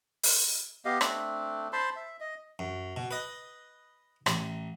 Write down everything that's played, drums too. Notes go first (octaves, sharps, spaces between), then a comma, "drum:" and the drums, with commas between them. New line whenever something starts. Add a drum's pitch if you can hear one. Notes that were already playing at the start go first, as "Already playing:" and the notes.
drum: open hi-hat
B3 G4 D#5 F5
A3 C4 D4, drum: rim click
C5 A5 B5 C6
E5
D#5
F#2
B2
B4 D#5
A1, drum: rim click